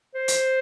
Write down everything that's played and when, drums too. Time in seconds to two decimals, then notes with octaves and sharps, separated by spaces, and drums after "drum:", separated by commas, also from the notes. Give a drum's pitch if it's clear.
0.15 C5
0.28 drum: hi-hat